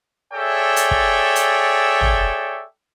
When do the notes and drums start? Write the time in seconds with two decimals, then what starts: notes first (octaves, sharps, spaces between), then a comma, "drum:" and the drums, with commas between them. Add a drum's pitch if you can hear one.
0.34 G#4 A4 C#5 D5 E5 G5
0.76 drum: hi-hat
0.91 drum: kick
1.36 drum: hi-hat
2.01 drum: tom